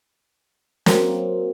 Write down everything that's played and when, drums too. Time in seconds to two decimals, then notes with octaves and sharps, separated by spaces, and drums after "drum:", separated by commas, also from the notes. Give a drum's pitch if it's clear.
0.86 F#3 A#3 C4, drum: snare